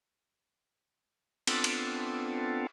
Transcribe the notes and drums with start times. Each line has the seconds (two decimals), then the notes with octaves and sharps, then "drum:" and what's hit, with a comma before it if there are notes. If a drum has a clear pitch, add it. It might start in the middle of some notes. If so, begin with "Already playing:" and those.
1.47 B3 C4 D4 F4 A4, drum: cymbal
1.64 drum: cymbal